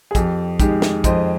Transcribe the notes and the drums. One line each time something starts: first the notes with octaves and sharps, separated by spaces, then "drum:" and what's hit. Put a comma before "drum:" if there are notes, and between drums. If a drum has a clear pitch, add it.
G#4
F2 G4, drum: kick, hi-hat
D#3 G#3 G4, drum: kick, hi-hat
drum: snare
F2 C5 D#5, drum: kick, hi-hat